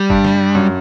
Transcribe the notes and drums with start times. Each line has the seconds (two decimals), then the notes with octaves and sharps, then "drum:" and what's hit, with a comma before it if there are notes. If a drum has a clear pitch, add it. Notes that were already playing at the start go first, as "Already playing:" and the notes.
Already playing: G3
0.10 G2, drum: kick
0.25 drum: snare
0.55 F#2